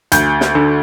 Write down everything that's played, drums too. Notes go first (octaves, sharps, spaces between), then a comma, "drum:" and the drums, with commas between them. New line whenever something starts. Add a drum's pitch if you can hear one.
D2 G6, drum: hi-hat
drum: snare
D3